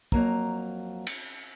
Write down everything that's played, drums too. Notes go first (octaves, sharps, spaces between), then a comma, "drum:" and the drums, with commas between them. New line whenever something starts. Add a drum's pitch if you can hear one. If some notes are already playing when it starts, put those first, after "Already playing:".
F2 F#3 A#3 A#5, drum: kick
drum: cymbal